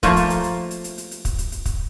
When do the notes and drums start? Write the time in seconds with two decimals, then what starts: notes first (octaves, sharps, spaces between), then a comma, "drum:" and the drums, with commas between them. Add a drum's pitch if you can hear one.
0.03 F3 A3 A#3 F4, drum: kick, hi-hat
0.16 drum: hi-hat
0.30 drum: hi-hat
0.44 drum: hi-hat
0.71 drum: hi-hat
0.84 drum: hi-hat
0.98 drum: hi-hat
1.11 drum: hi-hat
1.25 drum: kick, hi-hat
1.38 drum: hi-hat
1.52 drum: hi-hat
1.65 drum: kick, hi-hat